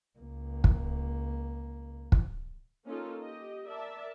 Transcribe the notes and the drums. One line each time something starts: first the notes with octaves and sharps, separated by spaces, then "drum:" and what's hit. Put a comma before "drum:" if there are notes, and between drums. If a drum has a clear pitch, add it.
C#2 A#3
drum: kick
drum: kick
A#3 C#4 D#4 F4 A4
G4 D#5
A#4 D5 E5 A5